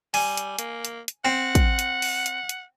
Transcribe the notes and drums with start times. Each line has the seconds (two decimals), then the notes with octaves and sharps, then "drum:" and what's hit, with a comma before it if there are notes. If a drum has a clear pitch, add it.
0.14 G3 G#5, drum: open hi-hat
0.37 drum: hi-hat
0.59 A#3, drum: hi-hat
0.85 drum: hi-hat
1.08 drum: hi-hat
1.25 C4 F#5
1.55 drum: kick, hi-hat
1.79 drum: hi-hat
2.02 drum: open hi-hat
2.26 drum: hi-hat
2.49 drum: hi-hat